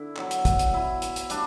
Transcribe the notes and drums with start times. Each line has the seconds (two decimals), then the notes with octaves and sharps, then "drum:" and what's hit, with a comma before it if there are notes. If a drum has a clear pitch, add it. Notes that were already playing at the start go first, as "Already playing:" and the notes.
Already playing: D3 E4
0.17 B2 F#3, drum: clap
0.31 drum: hi-hat
0.45 drum: kick, hi-hat
0.59 drum: hi-hat
0.74 E4
1.02 drum: hi-hat
1.16 drum: hi-hat
1.30 G3 D4, drum: hi-hat